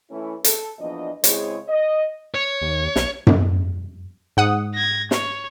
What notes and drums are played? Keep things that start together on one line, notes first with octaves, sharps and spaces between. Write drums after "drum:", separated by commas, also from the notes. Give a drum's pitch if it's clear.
E3 A3 C#4 E4
A4, drum: hi-hat
E2 A#2 F3 D4 D#5
C#3 G#3 C4 E4 G#4 C#5, drum: hi-hat
D#5
C#5
D#2
B1, drum: snare
drum: tom F#2
G#2 F#5 D#6
G#6 A#6
C#5, drum: snare